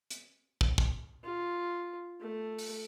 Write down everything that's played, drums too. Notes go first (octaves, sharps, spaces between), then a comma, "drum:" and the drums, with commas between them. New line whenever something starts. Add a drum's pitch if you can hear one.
drum: hi-hat
drum: kick
drum: kick
F4
A3
drum: open hi-hat